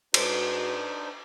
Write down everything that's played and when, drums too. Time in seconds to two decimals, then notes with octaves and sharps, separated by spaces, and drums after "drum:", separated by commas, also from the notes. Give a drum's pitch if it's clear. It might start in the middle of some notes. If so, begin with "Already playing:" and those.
0.14 G#2 D4 D#4 F#4 B4 C5, drum: cymbal